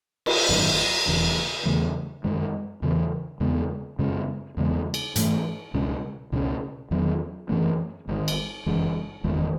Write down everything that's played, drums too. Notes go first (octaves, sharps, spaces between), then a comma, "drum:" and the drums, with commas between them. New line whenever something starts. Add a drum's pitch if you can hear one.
drum: cymbal
G#1 F#2 D#3
E1 E2 C#3
E2 C#3 E3 A3
F#2 D#3 G#3
E2 C#3 E3
E2 C#3 G#3 B3
F#2 C#3 G#3 C#4
E2 C#3 G#3 B3
drum: cymbal
G#2 E3 A3, drum: hi-hat
C#2 B2 G#3 C#4
C#2 B2 G#3 C#4
E2 D#3 F#3 B3
F#2 E3 A3 C#4
G#1 G#2 D#3
drum: cymbal
F#1 F#2 E3 G#3
F#1 E2 D#3 G#3